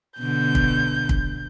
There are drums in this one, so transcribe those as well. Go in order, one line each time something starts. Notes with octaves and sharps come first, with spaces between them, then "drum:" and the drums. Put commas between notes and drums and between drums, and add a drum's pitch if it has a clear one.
B2 D3 G6
drum: kick
drum: kick